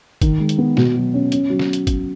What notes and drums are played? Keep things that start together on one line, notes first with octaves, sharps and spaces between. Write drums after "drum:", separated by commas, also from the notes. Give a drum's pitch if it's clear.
D#3, drum: kick, hi-hat
G#3
drum: hi-hat
B3
B2, drum: snare
F#3
C#4
C#4, drum: hi-hat
F#3
drum: snare
drum: hi-hat
drum: kick, hi-hat